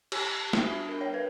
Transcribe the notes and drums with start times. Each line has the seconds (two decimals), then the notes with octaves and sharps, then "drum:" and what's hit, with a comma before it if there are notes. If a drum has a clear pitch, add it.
0.12 G4, drum: cymbal
0.53 drum: snare
0.63 G3 B3 D4 F#4
0.89 A#4
1.01 C#5
1.14 B4